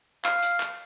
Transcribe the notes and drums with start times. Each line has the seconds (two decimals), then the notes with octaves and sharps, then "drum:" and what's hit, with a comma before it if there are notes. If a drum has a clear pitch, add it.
0.25 F5, drum: clap
0.42 drum: hi-hat
0.60 drum: clap